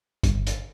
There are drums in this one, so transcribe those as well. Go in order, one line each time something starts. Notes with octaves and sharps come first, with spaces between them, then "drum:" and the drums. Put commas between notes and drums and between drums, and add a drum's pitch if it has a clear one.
G1, drum: kick, hi-hat
drum: hi-hat